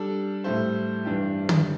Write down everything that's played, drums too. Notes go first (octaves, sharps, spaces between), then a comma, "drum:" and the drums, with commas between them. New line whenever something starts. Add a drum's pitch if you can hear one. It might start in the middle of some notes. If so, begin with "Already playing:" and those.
Already playing: G3 D4 A4
A2 G3 E4 A4 C5
G2 E3 G3 D4 G4
drum: tom